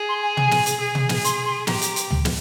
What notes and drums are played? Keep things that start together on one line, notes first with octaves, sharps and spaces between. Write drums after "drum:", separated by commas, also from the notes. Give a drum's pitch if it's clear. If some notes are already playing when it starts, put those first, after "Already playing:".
Already playing: G#4
C6
G#5
G#5, drum: tom
drum: snare
drum: hi-hat
G#4
drum: tom
drum: snare
C6, drum: hi-hat
C6
G4 A#5, drum: snare
drum: hi-hat
drum: hi-hat
drum: tom
drum: snare